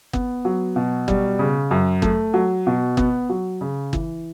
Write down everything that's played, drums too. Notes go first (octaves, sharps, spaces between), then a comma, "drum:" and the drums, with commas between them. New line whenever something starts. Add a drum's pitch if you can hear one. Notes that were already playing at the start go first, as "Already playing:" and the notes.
B3, drum: kick G1
F#3
B2
G3, drum: kick G1
C#3
F#2
A3, drum: kick G1
F#3
B2
B3, drum: kick G1
F#3
C#3
E3, drum: kick G1